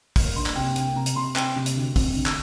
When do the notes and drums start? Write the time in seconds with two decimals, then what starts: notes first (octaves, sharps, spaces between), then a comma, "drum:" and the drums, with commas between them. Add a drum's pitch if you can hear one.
0.16 A#3 F6, drum: kick, open hi-hat
0.36 D4 C6
0.46 drum: clap
0.55 C3 G5
0.76 A#3 G5, drum: hi-hat
0.96 C3 A#5
1.06 drum: hi-hat
1.16 C3 C6
1.36 C4 G5, drum: clap
1.56 C3
1.66 drum: hi-hat
1.76 D2
1.96 C4, drum: kick, open hi-hat
2.16 D2
2.26 drum: clap